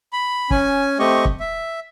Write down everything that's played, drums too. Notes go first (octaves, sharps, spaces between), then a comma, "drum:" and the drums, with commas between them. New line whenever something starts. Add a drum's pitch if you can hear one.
B5
C#4 G#5, drum: kick
A3 C4 G4 D#5 C#6
drum: kick
E5